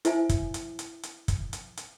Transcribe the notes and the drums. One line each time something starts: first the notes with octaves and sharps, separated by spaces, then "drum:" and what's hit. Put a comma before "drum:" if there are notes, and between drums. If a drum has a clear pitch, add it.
E4 C5 E5 G#5, drum: hi-hat
drum: kick, hi-hat
drum: hi-hat
drum: hi-hat
drum: hi-hat
drum: kick, hi-hat
drum: hi-hat
drum: hi-hat